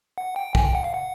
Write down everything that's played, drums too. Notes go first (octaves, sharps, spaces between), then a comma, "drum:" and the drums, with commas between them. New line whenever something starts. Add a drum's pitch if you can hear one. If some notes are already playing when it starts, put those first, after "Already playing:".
F#5
G5
G#5, drum: kick
G5
F#5
F5
F#5